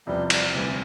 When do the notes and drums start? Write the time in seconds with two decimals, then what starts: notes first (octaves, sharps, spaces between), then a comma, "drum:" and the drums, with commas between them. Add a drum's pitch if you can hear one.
0.07 E2 C3 F3 G3 B3
0.30 G3, drum: cymbal
0.54 D2 C3 E3 G3 C4